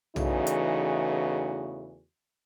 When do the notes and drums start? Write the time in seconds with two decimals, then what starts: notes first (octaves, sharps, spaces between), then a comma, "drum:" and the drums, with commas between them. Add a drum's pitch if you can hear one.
0.16 E2 C#3 E3 A3 D#4 F#4, drum: tom
0.47 drum: hi-hat